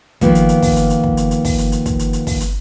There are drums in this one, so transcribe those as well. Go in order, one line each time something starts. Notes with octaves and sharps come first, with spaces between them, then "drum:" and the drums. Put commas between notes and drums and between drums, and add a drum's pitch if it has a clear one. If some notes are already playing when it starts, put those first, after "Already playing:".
D#3 F3 A#3 B3, drum: kick, hi-hat
drum: hi-hat
drum: hi-hat
drum: kick, open hi-hat
drum: hi-hat
drum: hi-hat
drum: kick
drum: hi-hat
drum: hi-hat
drum: kick, open hi-hat
drum: hi-hat
drum: hi-hat
drum: kick, hi-hat
drum: hi-hat
drum: hi-hat
drum: kick, open hi-hat
drum: hi-hat